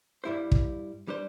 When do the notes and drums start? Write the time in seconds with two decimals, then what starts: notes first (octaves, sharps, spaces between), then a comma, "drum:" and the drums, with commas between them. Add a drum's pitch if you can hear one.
0.24 G2 G3 E4 C5
0.52 drum: kick
1.08 G3 D4 C5